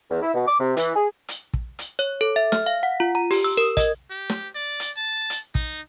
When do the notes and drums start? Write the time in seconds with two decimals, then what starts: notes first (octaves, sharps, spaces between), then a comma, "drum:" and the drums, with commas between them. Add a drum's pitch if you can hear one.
0.10 E2
0.23 E4
0.34 B2
0.47 D6
0.60 C3
0.77 E3, drum: hi-hat
0.96 G#4
1.28 drum: hi-hat
1.54 drum: kick
1.79 drum: hi-hat
1.99 C#5
2.21 A4
2.36 E5
2.52 F6, drum: snare
2.66 F5
2.83 F#5
3.00 F4
3.15 A#5
3.31 G4, drum: open hi-hat
3.44 E6
3.57 A#4
3.77 D#5, drum: kick, hi-hat
4.11 G4
4.29 drum: snare
4.55 D5
4.80 drum: hi-hat
4.97 A5
5.30 drum: hi-hat
5.55 D#4, drum: kick